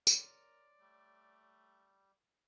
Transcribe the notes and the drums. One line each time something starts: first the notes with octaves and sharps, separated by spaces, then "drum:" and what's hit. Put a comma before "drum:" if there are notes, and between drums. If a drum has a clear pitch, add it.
A#4 C#5 D5 C6, drum: tambourine
G3 A3